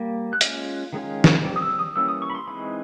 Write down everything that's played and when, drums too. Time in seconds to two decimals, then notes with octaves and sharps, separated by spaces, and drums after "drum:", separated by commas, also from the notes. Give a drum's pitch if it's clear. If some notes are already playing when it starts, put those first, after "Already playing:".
Already playing: G3 A#3
0.33 F#6
0.41 G#3 C#4 F4 F6, drum: hi-hat
0.93 D#3 G#3 C#4 F4
1.24 drum: snare
1.44 G3 C4
1.56 D#6
1.62 E6
1.79 D#6
1.96 E3 G3 A#3 C#4 E6
2.08 D#6
2.22 C#6
2.30 B5
2.35 C6
2.47 E3 G#3 C4 D#4 B5